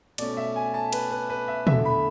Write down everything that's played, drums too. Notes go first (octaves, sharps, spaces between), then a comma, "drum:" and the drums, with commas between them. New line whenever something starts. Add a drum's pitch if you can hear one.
B2 A3 C#4 D5, drum: cymbal
E5
G#5
A5
B4, drum: cymbal
B4
B4
E5
E2 D3 A3 E5, drum: tom
B5